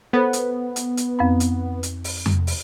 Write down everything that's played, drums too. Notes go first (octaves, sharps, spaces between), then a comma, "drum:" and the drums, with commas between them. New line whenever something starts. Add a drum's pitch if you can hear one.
B3 A4 C5
drum: hi-hat
drum: hi-hat
drum: hi-hat
F2 C4 B5
drum: hi-hat
drum: hi-hat
drum: open hi-hat
drum: tom F2
drum: open hi-hat